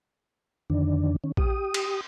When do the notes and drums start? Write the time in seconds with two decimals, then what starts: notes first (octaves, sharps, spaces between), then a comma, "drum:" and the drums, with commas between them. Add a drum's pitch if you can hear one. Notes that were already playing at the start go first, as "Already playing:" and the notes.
0.70 F2 D3 D#3 D4
1.24 D#3 C#4
1.37 G4 D#6, drum: kick A#1
1.74 drum: cymbal